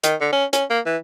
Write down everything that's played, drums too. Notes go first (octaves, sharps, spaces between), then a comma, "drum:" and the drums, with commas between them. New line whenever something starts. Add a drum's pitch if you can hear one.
D#3, drum: hi-hat
D3
C#4
C#4, drum: hi-hat
A#3
E3